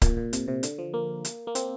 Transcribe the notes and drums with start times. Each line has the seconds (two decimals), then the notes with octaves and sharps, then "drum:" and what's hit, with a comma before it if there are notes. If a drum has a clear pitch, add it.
0.02 A#2, drum: kick C#1, hi-hat
0.17 A#2
0.33 C3, drum: hi-hat
0.48 C3
0.63 D3, drum: hi-hat
0.78 F3
0.94 A#3
1.25 drum: hi-hat
1.47 A#3
1.55 C4, drum: hi-hat